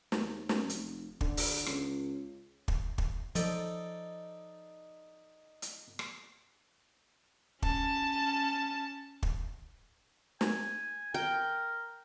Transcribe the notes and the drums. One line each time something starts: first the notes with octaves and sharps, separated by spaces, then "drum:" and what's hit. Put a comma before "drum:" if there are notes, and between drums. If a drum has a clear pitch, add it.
D#2, drum: snare
F#2, drum: snare
F1, drum: hi-hat
D3, drum: kick
drum: open hi-hat
C#2, drum: rim click
drum: kick
drum: kick
F3 D#4 A4 D5, drum: hi-hat
drum: hi-hat
drum: rim click
C#4 A5, drum: kick
drum: kick
G#5, drum: snare
A#4 G5